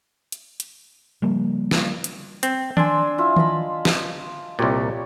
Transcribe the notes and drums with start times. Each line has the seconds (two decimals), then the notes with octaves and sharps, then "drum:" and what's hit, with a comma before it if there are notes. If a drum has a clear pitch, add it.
0.32 drum: hi-hat
0.60 drum: hi-hat
1.22 C#3 F3 G3 A#3
1.71 drum: snare
2.04 drum: hi-hat
2.43 C4, drum: hi-hat
2.77 D4 G#5 C6 E6, drum: tom D#3
3.18 E4 F4
3.36 D#5 A5 B5, drum: tom D#3
3.85 drum: snare
4.59 C2 A#2 G4 C#5